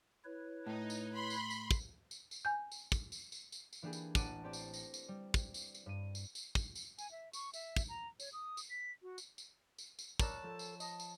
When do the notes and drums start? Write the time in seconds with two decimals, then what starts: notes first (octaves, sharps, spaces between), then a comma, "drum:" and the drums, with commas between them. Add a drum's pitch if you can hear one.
0.25 E4 B4 C#5
0.67 A2 D#4
0.90 drum: tambourine
1.15 B5 C6
1.30 drum: tambourine
1.50 drum: tambourine
1.71 drum: kick, tambourine
2.11 drum: tambourine
2.31 drum: tambourine
2.45 G#5 G6
2.72 drum: tambourine
2.92 drum: kick, tambourine
3.12 drum: tambourine
3.32 drum: tambourine
3.52 drum: tambourine
3.73 drum: tambourine
3.83 E3 A#3 D4 G4 G#4
3.93 drum: tambourine
4.15 A1 F#5 A5 D6 D#7, drum: kick, tambourine
4.44 C4 G4 D5 A5
4.53 drum: tambourine
4.74 A#6, drum: tambourine
4.94 drum: tambourine
5.09 G3
5.34 drum: kick, tambourine
5.54 drum: tambourine
5.75 drum: tambourine
5.86 G2 D#7
6.15 drum: tambourine
6.35 drum: tambourine
6.55 drum: kick, tambourine
6.75 drum: tambourine
6.99 G#5, drum: tambourine
7.11 E5
7.33 C#6, drum: tambourine
7.54 E5, drum: tambourine
7.76 drum: kick, tambourine
7.89 A#5
8.20 C#5, drum: tambourine
8.33 D#6
8.57 drum: tambourine
8.70 B6
9.02 F#4
9.18 drum: tambourine
9.38 drum: tambourine
9.78 drum: tambourine
9.99 drum: tambourine
10.19 A#4 C#5 D5 A5 E6 F#6, drum: kick, tambourine
10.43 F3 A4
10.59 drum: tambourine
10.80 D#5 A5, drum: tambourine
11.00 drum: tambourine